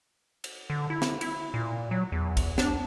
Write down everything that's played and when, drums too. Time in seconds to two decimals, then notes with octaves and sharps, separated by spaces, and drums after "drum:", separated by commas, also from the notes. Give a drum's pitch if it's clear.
0.44 drum: cymbal
0.70 D3
0.90 E4
1.02 drum: snare
1.21 E4, drum: cymbal
1.54 A#2
1.91 F#3
2.12 E2
2.37 drum: kick, cymbal
2.58 D4, drum: snare